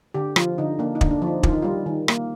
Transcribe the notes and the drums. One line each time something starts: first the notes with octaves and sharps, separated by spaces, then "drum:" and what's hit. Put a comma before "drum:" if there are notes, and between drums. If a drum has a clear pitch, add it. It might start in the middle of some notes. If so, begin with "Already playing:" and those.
D3 G4
F3 F4, drum: rim click
D3 D#4
A#3 D4
D#4
D3, drum: kick
D4
F3
D#4
D#3 F4, drum: kick
D#4
G3 F4
D#3
A#3, drum: rim click